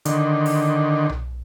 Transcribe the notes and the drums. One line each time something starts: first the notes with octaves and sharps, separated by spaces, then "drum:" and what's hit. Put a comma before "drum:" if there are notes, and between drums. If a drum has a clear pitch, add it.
D3 D#3, drum: hi-hat
drum: open hi-hat
drum: tom B1